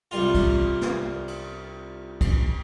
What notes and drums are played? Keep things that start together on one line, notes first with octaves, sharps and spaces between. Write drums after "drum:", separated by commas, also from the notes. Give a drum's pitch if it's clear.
C2 G3 F4
drum: kick, cymbal
drum: snare
drum: cymbal
drum: kick, cymbal